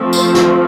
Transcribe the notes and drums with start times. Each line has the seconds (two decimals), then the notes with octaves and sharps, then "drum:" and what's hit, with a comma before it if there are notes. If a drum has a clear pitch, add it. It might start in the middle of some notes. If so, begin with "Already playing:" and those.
Already playing: F3 A3 C4
0.13 C5, drum: tambourine
0.35 drum: snare